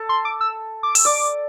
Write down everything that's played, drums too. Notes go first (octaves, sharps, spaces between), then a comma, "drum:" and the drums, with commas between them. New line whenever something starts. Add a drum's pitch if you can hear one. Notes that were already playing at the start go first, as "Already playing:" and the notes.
Already playing: A4
C6
D6
E6
D6
E6, drum: open hi-hat
D5 D6